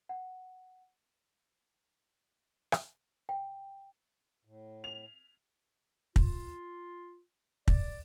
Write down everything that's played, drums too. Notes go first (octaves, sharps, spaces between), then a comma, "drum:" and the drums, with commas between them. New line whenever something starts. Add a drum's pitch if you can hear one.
F#5
drum: rim click
G5
A2
F7
F4, drum: kick
D5, drum: kick